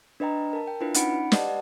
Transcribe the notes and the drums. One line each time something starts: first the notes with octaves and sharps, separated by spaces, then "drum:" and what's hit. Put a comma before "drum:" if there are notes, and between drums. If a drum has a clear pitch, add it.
D4 B4 D#5 G5 A#5
A#4 A5
G5
D4 E4 F4 B4
C#4 D#4 F#5 B5 C#7 D7, drum: hi-hat
G4 B4 D5 D#5 F#5 A5, drum: snare